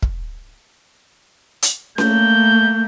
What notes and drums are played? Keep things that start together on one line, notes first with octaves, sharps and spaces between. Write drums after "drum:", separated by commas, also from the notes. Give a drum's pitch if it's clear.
drum: kick
drum: hi-hat
A3 A#3 G6, drum: snare C#4